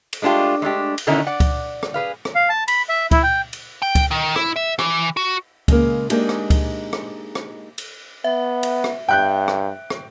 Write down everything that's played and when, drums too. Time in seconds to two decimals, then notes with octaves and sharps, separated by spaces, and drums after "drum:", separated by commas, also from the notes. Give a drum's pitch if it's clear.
0.13 drum: cymbal
0.22 G#3 A3 D4 F4 G4
0.62 G#3 A3 D4 G4
0.98 drum: cymbal
1.07 B2 D3 D#3 C#4 D#4 E4
1.27 D5 F#5
1.40 drum: kick C#2, cymbal
1.83 drum: rim click
1.94 G#4 B4 F5
2.25 drum: rim click
2.35 F5
2.49 A5
2.68 B5, drum: cymbal
2.89 E5
3.11 E4, drum: kick C#2, cymbal
3.23 G5
3.53 drum: cymbal
3.82 G5
3.95 drum: kick C#2, cymbal
4.11 D#3
4.36 E4, drum: rim click
4.56 E5
4.79 E3, drum: rim click
5.17 F#4
5.68 C#3 G#3 A#3, drum: kick C#2, cymbal
6.10 G#3 A#3 D4 D#4 G4 G#4, drum: cymbal
6.29 drum: rim click
6.50 drum: kick C#2, cymbal
6.93 drum: rim click
7.35 drum: rim click
7.78 drum: cymbal
8.24 B3 E5
8.63 drum: cymbal
8.84 drum: rim click
9.09 G2 G5 F#6 G6
9.48 drum: rim click
9.90 drum: rim click